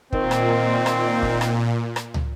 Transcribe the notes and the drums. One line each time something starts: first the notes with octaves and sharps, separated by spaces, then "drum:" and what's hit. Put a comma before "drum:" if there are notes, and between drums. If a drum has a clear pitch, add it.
A#2 D#3 C4, drum: kick
drum: rim click
drum: rim click
drum: kick
drum: rim click
drum: rim click
drum: tom